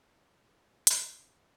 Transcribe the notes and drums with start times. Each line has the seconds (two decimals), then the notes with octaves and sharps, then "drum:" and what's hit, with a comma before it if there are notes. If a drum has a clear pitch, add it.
0.15 D#2 D#3 G#3 D#4
0.26 C#4
0.37 D#4
0.53 F4
0.59 G#4
0.87 drum: hi-hat
1.02 G#2 D#3 G#3 A#4
1.26 D#4
1.35 F4